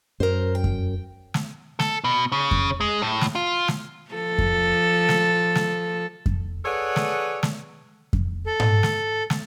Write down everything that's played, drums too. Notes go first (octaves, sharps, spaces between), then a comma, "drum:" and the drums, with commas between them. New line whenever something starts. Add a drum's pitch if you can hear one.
F#2 A#4 C5
G5
drum: kick F2
drum: snare
A4, drum: snare
B2
C#3
drum: kick F2
G#3
A2
drum: snare
F4
drum: snare
F3 A4
drum: kick F2
drum: snare
drum: snare
drum: kick F2
G#4 A4 B4 C#5 D5 F#5
drum: snare
drum: snare
drum: kick F2
A4
drum: tom G#2
drum: snare
drum: snare